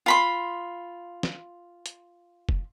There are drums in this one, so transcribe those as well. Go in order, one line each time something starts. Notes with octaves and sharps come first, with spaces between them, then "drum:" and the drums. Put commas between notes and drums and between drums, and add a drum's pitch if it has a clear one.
F4 B5 C6
drum: snare
drum: hi-hat
drum: kick F1